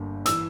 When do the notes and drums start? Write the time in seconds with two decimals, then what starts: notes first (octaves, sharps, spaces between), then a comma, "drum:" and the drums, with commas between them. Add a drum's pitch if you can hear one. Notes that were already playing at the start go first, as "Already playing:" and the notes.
Already playing: G1 G2 D3 A#3
0.26 E3 E6, drum: hi-hat